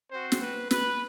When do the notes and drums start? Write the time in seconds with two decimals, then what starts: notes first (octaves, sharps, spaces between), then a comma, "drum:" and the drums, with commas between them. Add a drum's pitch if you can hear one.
0.11 C4 F#4 C5
0.32 drum: snare
0.42 B4
0.71 B4, drum: snare